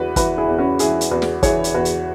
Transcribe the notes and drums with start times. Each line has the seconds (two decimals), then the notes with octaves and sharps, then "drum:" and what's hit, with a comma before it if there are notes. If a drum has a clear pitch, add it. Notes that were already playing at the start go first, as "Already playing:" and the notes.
Already playing: E2 E3 F#4 B4
0.16 E3 F#4 B4, drum: kick, hi-hat
0.38 E4 G#4
0.48 E2
0.58 C#4 F#4
0.79 E3 E4 G#4, drum: hi-hat
1.01 drum: hi-hat
1.11 E2 F#4 B4
1.22 drum: snare
1.43 E3 G#4 C#5, drum: kick, hi-hat
1.64 drum: hi-hat
1.74 E2 F#4 B4
1.85 drum: hi-hat